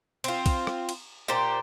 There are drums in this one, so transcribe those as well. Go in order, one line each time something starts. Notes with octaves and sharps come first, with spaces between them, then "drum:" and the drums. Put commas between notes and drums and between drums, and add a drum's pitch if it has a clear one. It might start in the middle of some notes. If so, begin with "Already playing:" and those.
C4 F4, drum: cymbal
drum: kick, cymbal
drum: rim click
drum: cymbal
A#2 G4 C5 A#5